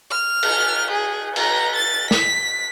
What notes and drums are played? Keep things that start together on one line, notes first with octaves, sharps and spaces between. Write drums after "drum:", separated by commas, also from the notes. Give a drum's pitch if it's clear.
F6
drum: cymbal
G#4
A#5, drum: cymbal
A6
B6, drum: snare